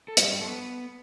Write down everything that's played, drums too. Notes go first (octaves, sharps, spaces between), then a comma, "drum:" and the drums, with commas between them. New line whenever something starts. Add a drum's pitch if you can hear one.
A4
G2, drum: hi-hat
G4
B3 A4